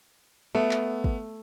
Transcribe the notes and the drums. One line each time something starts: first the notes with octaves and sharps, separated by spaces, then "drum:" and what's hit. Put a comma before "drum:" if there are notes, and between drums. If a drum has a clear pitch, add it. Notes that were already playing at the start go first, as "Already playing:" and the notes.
A3 B3
drum: clap
drum: kick